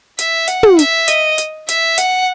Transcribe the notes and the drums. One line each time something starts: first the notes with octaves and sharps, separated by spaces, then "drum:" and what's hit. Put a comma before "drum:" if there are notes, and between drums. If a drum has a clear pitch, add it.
E5, drum: hi-hat
F#5, drum: hi-hat
drum: tom
E5, drum: hi-hat
D#5, drum: hi-hat
drum: hi-hat
E5, drum: hi-hat
F#5, drum: hi-hat